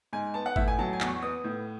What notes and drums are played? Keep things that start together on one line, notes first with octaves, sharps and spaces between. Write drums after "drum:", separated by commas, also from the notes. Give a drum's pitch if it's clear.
G#2 G#5
B3 A5
F#5
A2 E5, drum: kick G#1
G#5
F#3 A5
G#5
E2, drum: clap
C#6
B3 D#6
A2